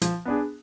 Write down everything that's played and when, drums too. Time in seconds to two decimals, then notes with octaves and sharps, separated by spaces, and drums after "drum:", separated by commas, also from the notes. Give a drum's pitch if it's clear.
0.02 F3, drum: hi-hat
0.25 B3 D4 G#4